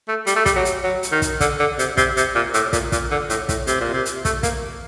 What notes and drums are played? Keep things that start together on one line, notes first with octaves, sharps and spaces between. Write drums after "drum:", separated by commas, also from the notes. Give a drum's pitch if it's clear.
A3
G3, drum: hi-hat
A3
G3, drum: kick, hi-hat
F#3
drum: hi-hat
F#3
drum: hi-hat
D#3
drum: kick, hi-hat
D3, drum: kick, hi-hat
D3
C3, drum: hi-hat
C3, drum: kick, hi-hat
C3, drum: hi-hat
A#2
A2, drum: hi-hat
A#2, drum: kick, hi-hat
A#2, drum: kick, hi-hat
D3
A2, drum: hi-hat
A2, drum: kick, hi-hat
C3, drum: hi-hat
A#2
C3
drum: hi-hat
A3, drum: kick, hi-hat
A#3, drum: kick, hi-hat